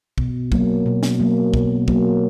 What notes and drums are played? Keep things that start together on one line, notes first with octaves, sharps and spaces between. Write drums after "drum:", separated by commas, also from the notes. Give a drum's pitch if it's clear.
B2, drum: kick
F#3 A#3, drum: kick
B2
drum: snare
F#3 A#3
B2, drum: kick
F#3 A#3, drum: kick